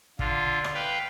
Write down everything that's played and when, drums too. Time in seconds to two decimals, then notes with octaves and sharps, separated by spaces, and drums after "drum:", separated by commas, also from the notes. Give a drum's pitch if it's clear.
0.19 D3 F4, drum: kick
0.64 drum: rim click
0.74 B4 F5 G5